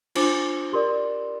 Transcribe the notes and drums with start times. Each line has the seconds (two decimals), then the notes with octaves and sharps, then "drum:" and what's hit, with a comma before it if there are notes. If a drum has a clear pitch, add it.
0.15 D4 F4 C5 D6, drum: cymbal
0.73 G4 A#4 D5 C6